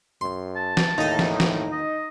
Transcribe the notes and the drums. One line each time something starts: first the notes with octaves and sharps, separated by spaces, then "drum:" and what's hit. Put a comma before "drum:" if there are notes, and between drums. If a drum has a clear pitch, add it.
F#2 C6
A5
drum: snare
D#2 A2 D#4 G#4
drum: snare
drum: snare
D#5